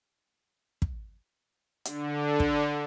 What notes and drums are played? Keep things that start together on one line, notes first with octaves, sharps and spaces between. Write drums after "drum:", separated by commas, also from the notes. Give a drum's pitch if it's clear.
drum: kick
D3, drum: hi-hat
drum: kick